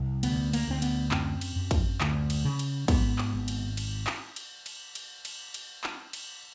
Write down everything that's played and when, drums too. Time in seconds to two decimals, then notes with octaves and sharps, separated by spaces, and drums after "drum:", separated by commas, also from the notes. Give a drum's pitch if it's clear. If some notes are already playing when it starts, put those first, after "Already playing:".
Already playing: C2
0.23 D2 B3, drum: cymbal
0.53 A#3, drum: cymbal
0.67 D2 C4
0.82 B3, drum: cymbal
1.11 F#2 C4, drum: clap
1.41 drum: cymbal
1.56 F#2
1.71 drum: kick, cymbal
2.01 D2, drum: clap
2.30 drum: cymbal
2.45 C#3
2.59 drum: cymbal
2.88 G#2 B3, drum: kick, cymbal
3.18 drum: clap
3.33 G#1
3.48 drum: cymbal
3.77 drum: cymbal
4.07 drum: clap
4.36 drum: cymbal
4.66 drum: cymbal
4.95 drum: cymbal
5.25 drum: cymbal
5.54 drum: cymbal
5.84 drum: clap
6.13 drum: cymbal